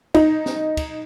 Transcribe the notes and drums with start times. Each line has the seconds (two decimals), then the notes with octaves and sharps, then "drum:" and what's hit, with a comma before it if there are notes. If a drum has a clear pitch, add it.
0.14 D#4, drum: kick, cymbal
0.46 drum: snare
0.77 drum: kick, cymbal